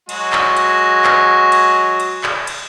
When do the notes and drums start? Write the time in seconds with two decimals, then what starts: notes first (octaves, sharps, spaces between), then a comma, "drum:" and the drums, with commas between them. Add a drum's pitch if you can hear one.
0.09 F#3 G#3 F#4, drum: cymbal
0.33 drum: clap
0.57 drum: cymbal
1.04 drum: clap
1.52 drum: cymbal
2.00 drum: cymbal
2.24 drum: clap
2.47 drum: cymbal